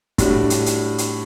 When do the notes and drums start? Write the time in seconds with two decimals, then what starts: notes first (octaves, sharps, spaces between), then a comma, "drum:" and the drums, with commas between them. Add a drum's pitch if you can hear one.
0.18 A2 G3 D4 F#4, drum: kick, hi-hat
0.50 drum: hi-hat
0.66 drum: hi-hat
0.98 drum: hi-hat